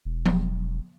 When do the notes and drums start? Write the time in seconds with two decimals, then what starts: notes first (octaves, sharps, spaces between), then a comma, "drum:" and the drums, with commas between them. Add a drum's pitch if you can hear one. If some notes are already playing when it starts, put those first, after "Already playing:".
0.05 E1
0.26 drum: tom F3